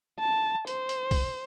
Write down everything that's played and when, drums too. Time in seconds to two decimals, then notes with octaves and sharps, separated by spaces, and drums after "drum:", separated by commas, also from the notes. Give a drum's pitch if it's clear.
0.19 A5
0.67 C5, drum: hi-hat
0.89 drum: hi-hat
1.11 drum: kick, open hi-hat